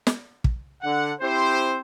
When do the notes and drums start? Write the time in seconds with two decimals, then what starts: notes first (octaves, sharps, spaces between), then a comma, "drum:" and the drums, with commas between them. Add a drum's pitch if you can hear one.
0.07 drum: snare
0.44 drum: kick
0.82 D3 F#5
1.21 C4 E4 G4 C5